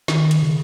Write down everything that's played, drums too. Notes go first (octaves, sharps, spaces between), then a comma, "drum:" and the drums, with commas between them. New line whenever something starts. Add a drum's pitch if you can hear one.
D#3, drum: snare
drum: hi-hat
C#3